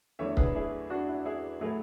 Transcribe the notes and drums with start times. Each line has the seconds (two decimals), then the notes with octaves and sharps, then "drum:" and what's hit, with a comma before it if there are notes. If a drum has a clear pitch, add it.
0.19 E2 D3 F#3 A3 C#5 E5
0.37 G#4 B4, drum: kick C#1
0.55 E4 G#4
0.90 D4 F#4
1.08 E4
1.26 E4 G#4
1.61 A2 F#3 A3 E4 G#4